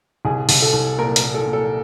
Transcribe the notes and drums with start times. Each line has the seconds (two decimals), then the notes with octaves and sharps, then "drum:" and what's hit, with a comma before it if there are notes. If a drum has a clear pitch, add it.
0.25 C2 G#4
0.49 C2, drum: open hi-hat
0.62 A4
0.73 C2
0.98 A#2 A#4
1.16 A#4, drum: hi-hat
1.23 A#2
1.34 A4
1.47 A#2
1.53 A4